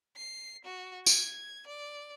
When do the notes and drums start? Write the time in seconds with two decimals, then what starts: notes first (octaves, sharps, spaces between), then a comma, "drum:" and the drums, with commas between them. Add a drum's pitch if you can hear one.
0.17 C7
0.65 F#4
1.06 G#6, drum: tambourine
1.67 D5